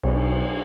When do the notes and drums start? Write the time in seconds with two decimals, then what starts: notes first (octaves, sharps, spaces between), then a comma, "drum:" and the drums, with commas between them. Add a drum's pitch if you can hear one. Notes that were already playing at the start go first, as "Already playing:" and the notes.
0.03 B1, drum: cymbal